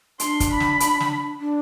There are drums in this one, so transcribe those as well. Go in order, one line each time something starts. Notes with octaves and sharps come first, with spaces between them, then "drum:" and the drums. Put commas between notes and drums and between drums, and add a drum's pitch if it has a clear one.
D4 C6, drum: hi-hat
drum: kick, hi-hat
B5
drum: snare
drum: hi-hat
drum: snare
D4